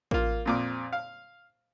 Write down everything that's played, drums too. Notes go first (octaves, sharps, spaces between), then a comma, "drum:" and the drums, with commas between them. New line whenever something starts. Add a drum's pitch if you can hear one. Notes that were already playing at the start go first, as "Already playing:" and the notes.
A#3 F4, drum: kick A1
F2 A#2 D6
F5